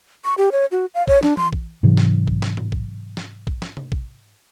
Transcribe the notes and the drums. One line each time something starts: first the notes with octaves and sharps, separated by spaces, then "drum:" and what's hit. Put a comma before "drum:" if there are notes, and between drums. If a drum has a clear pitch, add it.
C#6
G4
C#5
F#4
F5
C#5, drum: kick A#1
D4, drum: snare
C6, drum: tom E3
drum: kick A#1
G#2 C3 E3 F#3
drum: snare
drum: kick A#1
drum: snare
drum: tom A2
drum: kick A#1
drum: snare
drum: kick A#1
drum: snare
drum: tom C3
drum: kick A#1